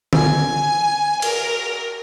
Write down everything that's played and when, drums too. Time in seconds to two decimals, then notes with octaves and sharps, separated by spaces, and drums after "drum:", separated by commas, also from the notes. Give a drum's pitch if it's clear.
0.13 G#5, drum: tom
1.22 A#4, drum: cymbal